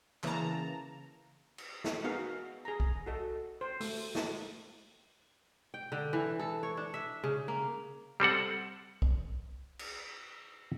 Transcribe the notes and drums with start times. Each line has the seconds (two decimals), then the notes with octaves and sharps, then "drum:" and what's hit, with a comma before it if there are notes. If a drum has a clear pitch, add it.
0.23 C#3 E3 A#3 A5 A#5, drum: clap
1.58 drum: cymbal
1.84 drum: snare
2.04 B3 D#4 F#4 G#4 A#4 F5
2.65 G#4 A#5
2.80 drum: kick
3.06 F#4 A4 D#5
3.61 C5
3.80 A3, drum: open hi-hat
4.15 drum: snare
5.74 G5
5.92 D3
6.13 E3
6.39 A4
6.63 C#5
6.77 D4
6.94 E5
7.24 C#3
7.48 A#3
8.20 G3 C4 A4 F#5
9.02 drum: kick
9.79 drum: cymbal